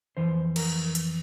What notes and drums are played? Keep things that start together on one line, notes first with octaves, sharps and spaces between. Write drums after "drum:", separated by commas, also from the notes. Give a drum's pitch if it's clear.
F2 E3 C5
A#4, drum: cymbal
drum: hi-hat